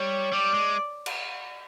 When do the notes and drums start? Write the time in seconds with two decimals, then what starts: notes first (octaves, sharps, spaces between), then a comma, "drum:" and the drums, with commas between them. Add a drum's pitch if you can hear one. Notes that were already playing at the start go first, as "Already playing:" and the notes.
Already playing: G3 C#5
0.32 G3 D5
0.54 G#3
1.06 drum: cymbal